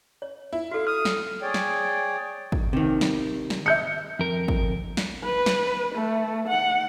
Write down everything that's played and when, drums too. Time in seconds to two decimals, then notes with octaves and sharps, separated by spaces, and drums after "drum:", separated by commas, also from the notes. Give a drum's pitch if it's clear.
0.22 C#5
0.53 E4
0.71 F#4 A4 F5
0.87 D#6 F6
1.05 drum: snare
1.42 G#4 C#5 D5 G5
1.54 drum: snare
2.52 drum: kick
2.73 C3 D#3
3.01 drum: snare
3.50 drum: snare
3.66 E5 G6 C#7
4.19 F2 A#4
4.48 drum: kick
4.97 drum: snare
5.24 B4
5.46 drum: snare
5.95 A3
6.48 F#5